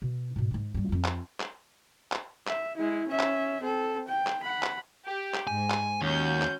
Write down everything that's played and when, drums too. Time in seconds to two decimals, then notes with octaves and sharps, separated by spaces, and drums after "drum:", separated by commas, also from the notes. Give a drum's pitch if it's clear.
0.02 B2
0.36 G#2 B2
0.51 G#2 D#4
0.74 G2 G3
0.89 F2 F4
1.05 drum: clap
1.40 drum: clap
2.12 drum: clap
2.47 E5, drum: clap
2.77 G#3 E4
3.07 C#4 E5
3.19 drum: clap
3.61 C4 A4
4.08 G5
4.27 drum: clap
4.43 F#5 B5
4.63 drum: clap
5.06 G4
5.34 drum: clap
5.47 G#2 G#5
5.70 drum: clap
6.02 D#2 C#4 F#4 G6
6.42 drum: clap